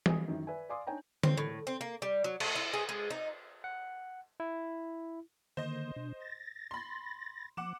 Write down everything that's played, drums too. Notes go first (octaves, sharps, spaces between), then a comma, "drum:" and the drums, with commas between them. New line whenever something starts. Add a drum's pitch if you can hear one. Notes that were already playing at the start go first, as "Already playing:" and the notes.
G#5 D#6, drum: tom E3
F#2 D#3 E3
B4 D5 E5 G#5
D5 F5 G#5 C6 D6 D#6
D4 D#4 C#5 G5 G#5 A#5
C4, drum: tom D3
A2
C4
A#3
G3
F#3
A3, drum: cymbal
E4
G#4
G#3
D#4
F#5
E4
D3 D#3 A#3 C5 D#5
B2 D4
A6 A#6
B5 C6
F3 F#5 D6 E7